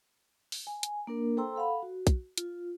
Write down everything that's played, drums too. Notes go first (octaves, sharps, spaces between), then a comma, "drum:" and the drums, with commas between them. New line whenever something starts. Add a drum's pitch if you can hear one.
drum: open hi-hat
G#5
drum: hi-hat
A#3 D4 A#4
A4 C5 G5 A#5 C6 E6
A4 F5 F#5 B5
F#4
drum: kick, hi-hat
F4, drum: hi-hat